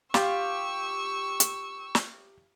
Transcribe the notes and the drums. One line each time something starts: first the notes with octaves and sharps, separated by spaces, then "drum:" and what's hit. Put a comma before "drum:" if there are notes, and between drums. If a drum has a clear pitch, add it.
F4 G4 C#6 E6, drum: snare
drum: hi-hat
drum: snare